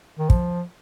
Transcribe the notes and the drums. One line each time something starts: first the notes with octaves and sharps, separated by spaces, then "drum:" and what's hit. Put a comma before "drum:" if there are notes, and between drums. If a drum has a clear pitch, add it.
D#3
F3, drum: kick